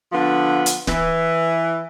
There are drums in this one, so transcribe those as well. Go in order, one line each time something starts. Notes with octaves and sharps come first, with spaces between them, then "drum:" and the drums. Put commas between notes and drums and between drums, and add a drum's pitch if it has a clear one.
D3 F3 B3
drum: hi-hat
E3, drum: snare D1